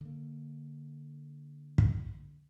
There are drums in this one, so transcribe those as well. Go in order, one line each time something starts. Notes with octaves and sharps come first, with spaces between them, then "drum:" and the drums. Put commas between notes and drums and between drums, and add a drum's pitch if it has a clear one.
D3 A#3
drum: kick